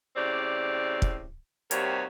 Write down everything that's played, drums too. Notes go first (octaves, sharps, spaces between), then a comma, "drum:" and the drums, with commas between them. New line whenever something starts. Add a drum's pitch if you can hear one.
A2 C#3 C4 G4 D5
drum: kick
D#2 C3 G3 F#4 A#4 C#5, drum: hi-hat